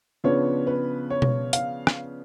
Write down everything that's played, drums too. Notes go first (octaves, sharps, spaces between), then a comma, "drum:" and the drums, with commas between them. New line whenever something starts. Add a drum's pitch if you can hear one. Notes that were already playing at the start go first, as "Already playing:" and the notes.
C#3 F3 B3 D4 C#5
B4
C#5
drum: tom B2
F5, drum: hi-hat
drum: rim click